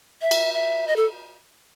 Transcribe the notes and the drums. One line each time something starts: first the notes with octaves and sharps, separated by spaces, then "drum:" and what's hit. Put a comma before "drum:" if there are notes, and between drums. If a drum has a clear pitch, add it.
E5
drum: cymbal
E5
D#5
A4